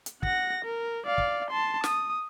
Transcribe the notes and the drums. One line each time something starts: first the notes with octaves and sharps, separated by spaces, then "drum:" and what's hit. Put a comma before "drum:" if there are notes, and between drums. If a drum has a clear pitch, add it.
drum: hi-hat
F#5 A#6, drum: kick
A#4
D5 F5
drum: kick
A5 C6
D#6, drum: snare